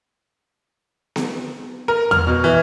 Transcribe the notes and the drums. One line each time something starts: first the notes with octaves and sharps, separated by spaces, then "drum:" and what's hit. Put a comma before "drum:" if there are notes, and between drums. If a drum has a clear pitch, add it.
drum: snare B3
A#4
F6, drum: tom E2
B2
E3